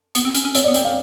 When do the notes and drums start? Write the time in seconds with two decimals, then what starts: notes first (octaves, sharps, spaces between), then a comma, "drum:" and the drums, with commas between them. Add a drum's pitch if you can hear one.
0.15 B3, drum: hi-hat
0.25 C4
0.34 C#4, drum: hi-hat
0.45 C#4
0.55 C4 C#5, drum: hi-hat
0.64 D5
0.68 B3
0.74 C4 G5, drum: hi-hat
0.85 F5